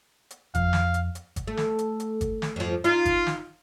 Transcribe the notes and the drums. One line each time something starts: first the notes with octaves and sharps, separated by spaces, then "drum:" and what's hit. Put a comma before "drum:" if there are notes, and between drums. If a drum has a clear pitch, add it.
drum: hi-hat
F2 F5, drum: kick G1, hi-hat
drum: snare
drum: hi-hat
drum: hi-hat
drum: kick G1, hi-hat
A3
drum: snare
drum: hi-hat
drum: hi-hat
drum: kick G1, hi-hat
drum: snare
F2 F3
D#4 F4, drum: hi-hat
drum: kick G1, hi-hat
drum: snare